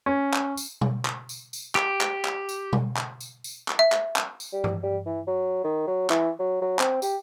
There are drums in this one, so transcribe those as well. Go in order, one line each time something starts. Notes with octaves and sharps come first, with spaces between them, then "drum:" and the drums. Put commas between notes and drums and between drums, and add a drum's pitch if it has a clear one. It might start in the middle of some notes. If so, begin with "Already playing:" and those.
C#4
drum: clap
drum: tambourine
drum: tom B2
drum: clap
drum: tambourine
drum: tambourine
G4, drum: clap
drum: clap
drum: clap
drum: tambourine
drum: tom B2
drum: clap
drum: tambourine
drum: tambourine
drum: clap
E5
drum: clap
drum: clap
drum: tambourine
G3
drum: tom G2
G3
E3
F#3
D#3
F#3
E3, drum: clap
F#3
F#3
C4, drum: clap
G4, drum: tambourine